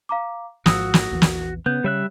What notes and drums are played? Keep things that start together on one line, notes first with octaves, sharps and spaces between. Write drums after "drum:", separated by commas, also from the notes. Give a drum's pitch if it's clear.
F5 A#5 D6
G#1 G#2 F3 F#4 D#6 E6, drum: snare
drum: snare
A#1 E2 E3
drum: snare
C#3 B3 G6
C#3 G3 C#5 E5 F#6